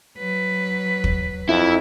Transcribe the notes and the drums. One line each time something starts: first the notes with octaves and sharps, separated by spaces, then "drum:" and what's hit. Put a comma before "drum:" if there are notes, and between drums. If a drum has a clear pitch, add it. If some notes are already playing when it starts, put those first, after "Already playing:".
F#3 B4
drum: kick
F2 E4